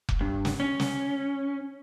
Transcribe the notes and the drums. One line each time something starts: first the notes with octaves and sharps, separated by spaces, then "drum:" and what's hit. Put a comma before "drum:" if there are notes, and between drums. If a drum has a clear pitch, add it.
drum: kick F1
G2
drum: snare
C#4
drum: snare